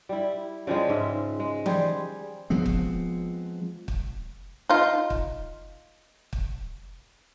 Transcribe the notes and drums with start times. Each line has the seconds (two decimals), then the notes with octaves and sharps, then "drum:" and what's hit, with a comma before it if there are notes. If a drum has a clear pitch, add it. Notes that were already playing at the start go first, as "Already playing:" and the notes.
0.09 G3 E4
0.67 C#3 F3 G3 G#3
0.89 G#2 F4 E5
1.40 G#3
1.66 G3 G#4 C5, drum: tom E3
2.50 F3 G#3 B3 C4
2.66 drum: kick
3.88 drum: kick
4.69 D#4 F4
5.10 drum: kick
6.33 drum: kick